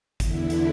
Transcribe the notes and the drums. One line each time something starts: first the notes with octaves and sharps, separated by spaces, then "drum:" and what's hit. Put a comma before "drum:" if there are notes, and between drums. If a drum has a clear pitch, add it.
E2 D3 E4, drum: kick, hi-hat
drum: hi-hat